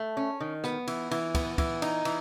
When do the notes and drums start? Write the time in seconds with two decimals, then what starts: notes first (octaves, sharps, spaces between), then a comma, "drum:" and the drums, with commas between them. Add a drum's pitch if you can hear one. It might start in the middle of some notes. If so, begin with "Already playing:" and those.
Already playing: A3
0.17 C#4
0.40 D#3
0.64 B3, drum: rim click
0.87 E3, drum: cymbal
1.11 E3, drum: cymbal
1.35 B3, drum: kick, cymbal
1.58 E3, drum: kick, cymbal
1.82 D#4, drum: cymbal
2.05 E3, drum: cymbal